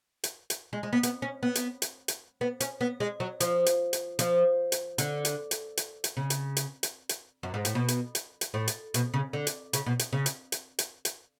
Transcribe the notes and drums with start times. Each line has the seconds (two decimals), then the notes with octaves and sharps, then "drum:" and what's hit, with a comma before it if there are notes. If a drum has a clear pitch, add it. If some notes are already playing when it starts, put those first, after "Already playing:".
0.24 drum: hi-hat
0.50 drum: hi-hat
0.73 G#3
0.83 G#3
0.93 B3
1.03 B3, drum: hi-hat
1.22 C#4
1.43 B3
1.55 drum: hi-hat
1.82 drum: hi-hat
2.08 drum: hi-hat
2.41 B3
2.60 C#4, drum: hi-hat
2.81 B3
3.00 G#3
3.20 F#3
3.40 F3, drum: hi-hat
3.66 drum: hi-hat
3.93 drum: hi-hat
4.19 F3, drum: hi-hat
4.72 drum: hi-hat
4.98 D3, drum: hi-hat
5.25 drum: hi-hat
5.51 drum: hi-hat
5.77 drum: hi-hat
6.04 drum: hi-hat
6.17 C#3
6.30 drum: hi-hat
6.57 drum: hi-hat
6.83 drum: hi-hat
7.09 drum: hi-hat
7.43 F#2
7.54 G#2
7.65 A2, drum: hi-hat
7.75 B2
7.88 drum: hi-hat
8.15 drum: hi-hat
8.41 drum: hi-hat
8.54 A2
8.68 drum: hi-hat
8.94 B2, drum: hi-hat
9.14 C#3
9.33 D3
9.47 drum: hi-hat
9.73 C#3, drum: hi-hat
9.86 B2
9.99 drum: hi-hat
10.13 C#3
10.26 drum: hi-hat
10.52 drum: hi-hat
10.79 drum: hi-hat
11.05 drum: hi-hat